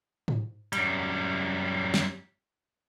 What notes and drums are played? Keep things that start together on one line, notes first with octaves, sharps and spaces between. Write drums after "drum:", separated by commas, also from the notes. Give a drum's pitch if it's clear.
drum: tom G#2
F#2 G3, drum: hi-hat
drum: snare